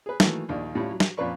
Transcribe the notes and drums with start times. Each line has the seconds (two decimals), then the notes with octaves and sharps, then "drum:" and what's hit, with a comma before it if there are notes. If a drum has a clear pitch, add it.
0.06 G#4 B4
0.20 D#3 E3 F#3 A3 A#3, drum: snare
0.49 A#1 D#2 D4
0.75 A2 G3 C#4 E4 F4
0.91 F#3
1.00 drum: snare
1.17 F2 A#2 C#4 B4 D5 C#6